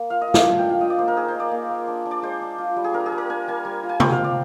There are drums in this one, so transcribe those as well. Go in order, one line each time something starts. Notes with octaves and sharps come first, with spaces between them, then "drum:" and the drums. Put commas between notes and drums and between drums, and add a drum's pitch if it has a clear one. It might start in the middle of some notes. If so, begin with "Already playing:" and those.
Already playing: A#3
F4 F5
D#5
F4
D5, drum: snare
D4
G5
D4
F5
F4 D#5
D5
A#3 C5
A#4
D#4 G#4
C5
D#4
D5
A#3
A#3
D4
D4
D5
G#3 C5
D4
F4
G3
G#4
D4 A#4
G#4
G3
A#4
D4 G#5
G3 G#5
G3
F4
G#5
F3 G5, drum: tom C3
F5
C4
D5